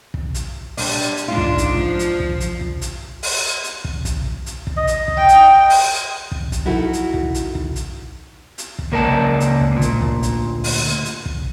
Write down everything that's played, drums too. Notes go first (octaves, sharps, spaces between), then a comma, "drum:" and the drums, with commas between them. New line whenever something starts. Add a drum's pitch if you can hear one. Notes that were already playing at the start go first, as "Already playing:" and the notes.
drum: kick
drum: hi-hat
G3 D4, drum: open hi-hat
drum: hi-hat
G#2 D4 F4
drum: kick
drum: kick, hi-hat
F3
drum: hi-hat
drum: kick
drum: hi-hat
drum: kick
drum: hi-hat
drum: open hi-hat
drum: hi-hat
drum: kick
drum: kick, hi-hat
drum: hi-hat
drum: kick
D#5
drum: hi-hat
drum: kick
G5
drum: hi-hat
drum: open hi-hat
drum: kick
drum: kick, hi-hat
D#4 E4 F#4 A4 A#4
drum: hi-hat
drum: kick
drum: hi-hat
drum: kick
drum: hi-hat
drum: hi-hat
drum: kick
C#2 A#3 A#4 D5 A5
drum: hi-hat
drum: kick
D2 A#2
drum: hi-hat
drum: kick
drum: hi-hat
drum: open hi-hat
drum: hi-hat
drum: kick